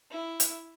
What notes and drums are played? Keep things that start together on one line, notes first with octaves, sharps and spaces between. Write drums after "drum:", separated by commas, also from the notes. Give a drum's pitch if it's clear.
E4
drum: hi-hat